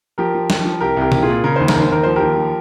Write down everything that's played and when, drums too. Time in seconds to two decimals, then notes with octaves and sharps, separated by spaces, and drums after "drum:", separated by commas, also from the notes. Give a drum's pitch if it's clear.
0.18 F3 G4 A#4
0.34 F3
0.50 F3, drum: snare
0.65 F3
0.80 C2 G4 A#4
0.97 C2 G4 A#4
1.12 C2, drum: tom B2
1.22 F4 G#4
1.28 A#2
1.44 C#3 A#4
1.56 D#2 C5
1.68 A#4, drum: snare
1.76 D#2 C5
1.91 D#2 A#4
2.03 F3 C5
2.16 G4 A#4
2.22 D#2
2.37 F3